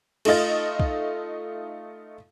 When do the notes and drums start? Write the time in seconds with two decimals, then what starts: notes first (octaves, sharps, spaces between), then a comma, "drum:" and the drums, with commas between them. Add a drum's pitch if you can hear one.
0.25 A3 D#4 F4 D#5 A6, drum: cymbal
0.80 drum: kick